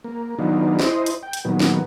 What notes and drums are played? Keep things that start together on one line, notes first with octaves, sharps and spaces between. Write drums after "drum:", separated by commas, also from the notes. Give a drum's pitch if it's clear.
A#3
D#3 F#3 B3 D4 D#4 F4
E4 C5 D#5, drum: snare
drum: hi-hat
G5
drum: hi-hat
A#2 D#3 F#3 B3
drum: snare